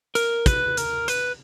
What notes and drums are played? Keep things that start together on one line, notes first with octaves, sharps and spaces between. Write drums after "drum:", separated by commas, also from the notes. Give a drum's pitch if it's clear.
A#4, drum: hi-hat
B4, drum: kick, hi-hat
A#4, drum: hi-hat
B4, drum: hi-hat